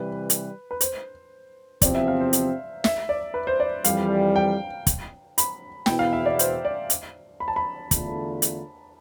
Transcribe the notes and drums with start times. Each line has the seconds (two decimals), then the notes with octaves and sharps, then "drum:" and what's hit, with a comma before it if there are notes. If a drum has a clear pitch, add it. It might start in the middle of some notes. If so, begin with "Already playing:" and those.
Already playing: C3 E3 G3 B4
0.30 drum: hi-hat
0.71 B4
0.81 C5, drum: hi-hat
1.82 E2 C3 F3 C4 D5, drum: kick, hi-hat
1.95 E5
2.08 F5
2.20 C5
2.33 drum: hi-hat
2.84 E5, drum: snare
3.09 D5
3.34 B4
3.47 C5
3.60 D5
3.84 F2 E3 G3 F5, drum: hi-hat
4.36 G5
4.87 drum: kick, hi-hat
5.38 B5, drum: hi-hat
5.86 E2 B2 B3 E4 G5, drum: snare
5.99 F5
6.13 E5
6.26 D5
6.39 C5, drum: hi-hat
6.65 D5
6.90 drum: hi-hat
7.40 B5
7.48 A5
7.56 B5
7.91 E2 D3 A3 D4 F4, drum: kick, hi-hat
8.42 drum: hi-hat